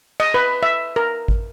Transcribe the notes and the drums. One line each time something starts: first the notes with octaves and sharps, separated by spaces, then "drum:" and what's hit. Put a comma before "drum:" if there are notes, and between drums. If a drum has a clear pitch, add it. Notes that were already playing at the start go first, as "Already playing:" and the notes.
D#5, drum: cymbal
B4
E5
A#4
drum: kick G#1